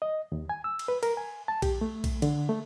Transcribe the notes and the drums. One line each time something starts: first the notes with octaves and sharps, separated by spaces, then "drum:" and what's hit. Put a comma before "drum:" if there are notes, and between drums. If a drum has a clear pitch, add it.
D#5
D#2
G#5
E6
drum: cymbal
B4
A#4, drum: cymbal
G#5
A5
G4, drum: kick B1, cymbal
A3
drum: kick B1, cymbal
D3, drum: cymbal
A3